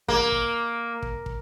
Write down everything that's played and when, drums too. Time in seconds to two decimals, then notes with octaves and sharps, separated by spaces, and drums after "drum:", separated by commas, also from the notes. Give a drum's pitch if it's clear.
0.08 A#3, drum: kick
0.32 drum: kick
1.02 drum: kick
1.26 drum: kick